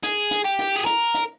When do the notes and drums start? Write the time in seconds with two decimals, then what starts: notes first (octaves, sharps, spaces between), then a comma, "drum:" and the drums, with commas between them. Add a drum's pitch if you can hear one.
0.03 G#4, drum: hi-hat
0.31 drum: hi-hat
0.45 G4
0.59 drum: hi-hat
0.76 G#4
0.86 A#4, drum: hi-hat
1.14 drum: hi-hat